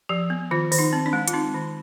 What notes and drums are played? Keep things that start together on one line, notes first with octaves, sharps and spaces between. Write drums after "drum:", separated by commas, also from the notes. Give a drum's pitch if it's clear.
F3 G4
B3
D#3 F4
D#3, drum: open hi-hat
D#4
C4
D4
G#3
F4, drum: hi-hat
C4 D#4
D#3